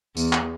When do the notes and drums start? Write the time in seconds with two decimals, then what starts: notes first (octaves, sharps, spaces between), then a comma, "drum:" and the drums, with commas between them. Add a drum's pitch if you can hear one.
0.17 E2, drum: tambourine
0.33 drum: clap